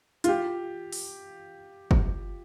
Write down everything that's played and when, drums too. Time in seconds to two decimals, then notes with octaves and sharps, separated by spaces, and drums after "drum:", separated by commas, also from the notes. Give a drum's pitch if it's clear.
0.24 F4, drum: hi-hat
0.28 G4
0.93 drum: open hi-hat
1.91 drum: kick F#1